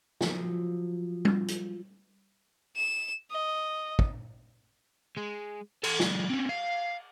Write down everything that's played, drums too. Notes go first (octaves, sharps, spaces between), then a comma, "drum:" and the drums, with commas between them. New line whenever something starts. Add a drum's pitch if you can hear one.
F3 F#3, drum: snare
drum: tom G3
drum: hi-hat
E7
D#5
drum: kick
G#3
A4 C6, drum: cymbal
F#3 G#3, drum: snare
C4 C#4
F5